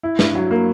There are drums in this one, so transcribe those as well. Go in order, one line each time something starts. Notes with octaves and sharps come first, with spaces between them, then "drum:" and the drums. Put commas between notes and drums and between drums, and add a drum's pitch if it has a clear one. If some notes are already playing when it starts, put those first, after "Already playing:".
E4
G2, drum: snare
F#3
A#3